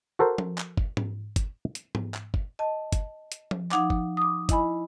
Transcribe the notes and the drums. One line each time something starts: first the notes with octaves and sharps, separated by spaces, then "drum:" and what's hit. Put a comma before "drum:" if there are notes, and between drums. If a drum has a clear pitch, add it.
F#4 A4 A#4 C5
drum: tom F3
drum: clap
drum: kick G1
drum: tom G#2
drum: kick G1, hi-hat
drum: hi-hat
drum: tom G#2
drum: clap
drum: kick G1
D#5 A5
drum: kick G1, hi-hat
drum: hi-hat
drum: tom F3
F3 D#4 F#5 D6, drum: clap
drum: kick G1
D6 D#6
E4 D#5 G#5 B5, drum: kick G1, hi-hat